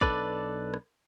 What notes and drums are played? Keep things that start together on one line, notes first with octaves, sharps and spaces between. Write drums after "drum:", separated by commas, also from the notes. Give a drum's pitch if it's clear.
B1 D4 A4 B4 D5, drum: kick
drum: rim click